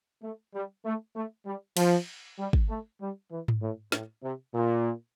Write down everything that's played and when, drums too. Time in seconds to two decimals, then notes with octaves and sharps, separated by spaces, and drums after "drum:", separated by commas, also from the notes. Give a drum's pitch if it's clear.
0.22 A3
0.54 G3
0.85 A3
1.15 A3
1.46 G3
1.77 F3, drum: cymbal
2.39 G3
2.53 drum: kick
2.69 A3
3.00 G3
3.31 E3
3.48 drum: tom G#2
3.62 A2
3.92 A2, drum: snare
4.23 C3
4.54 A#2